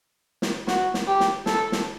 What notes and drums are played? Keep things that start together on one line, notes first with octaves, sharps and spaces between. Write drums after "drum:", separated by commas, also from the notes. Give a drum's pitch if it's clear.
drum: snare
F#4, drum: snare
drum: snare
G4
drum: snare
A4, drum: snare
drum: snare